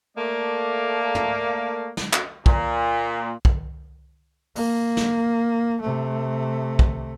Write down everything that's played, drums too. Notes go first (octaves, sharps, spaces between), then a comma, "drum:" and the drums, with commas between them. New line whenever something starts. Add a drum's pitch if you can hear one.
A3 A#3 D5
drum: tom
drum: snare
drum: clap
A#2, drum: kick A#1
drum: kick A#1
A#3, drum: open hi-hat
drum: snare
C3 A3
drum: kick A#1